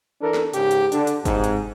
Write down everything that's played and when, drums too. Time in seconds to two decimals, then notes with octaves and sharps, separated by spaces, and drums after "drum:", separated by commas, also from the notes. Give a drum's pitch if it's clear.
0.21 E3 D4 A4 A#4
0.34 drum: snare
0.53 G#2 C#3 G4, drum: hi-hat
0.71 drum: hi-hat
0.92 D3 D4, drum: hi-hat
1.07 drum: hi-hat
1.25 G#2 C3, drum: kick G1, hi-hat
1.44 drum: hi-hat